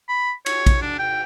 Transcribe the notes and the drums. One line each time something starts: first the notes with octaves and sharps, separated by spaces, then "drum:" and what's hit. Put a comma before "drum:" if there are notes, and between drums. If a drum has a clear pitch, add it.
B5
C#5, drum: cymbal
drum: kick A#1, cymbal
D4
G5